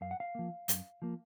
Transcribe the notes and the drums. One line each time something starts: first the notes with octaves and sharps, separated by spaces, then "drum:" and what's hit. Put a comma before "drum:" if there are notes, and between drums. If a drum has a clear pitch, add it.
F#2 F5
F#5
F5
F3 A#3
F#2, drum: hi-hat
F3 A#3